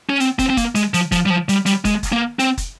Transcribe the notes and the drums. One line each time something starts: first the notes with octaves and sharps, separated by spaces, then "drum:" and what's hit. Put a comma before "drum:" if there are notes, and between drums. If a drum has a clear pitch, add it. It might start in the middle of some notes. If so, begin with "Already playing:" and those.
C#4
C4, drum: hi-hat
C4, drum: kick, hi-hat
C4
A#3, drum: kick, hi-hat
G#3, drum: hi-hat
F3, drum: hi-hat
F3, drum: kick, hi-hat
G3
F3
G3, drum: hi-hat
G3, drum: hi-hat
G#3, drum: kick, hi-hat
drum: kick, hi-hat
A#3
C4, drum: hi-hat
drum: kick, hi-hat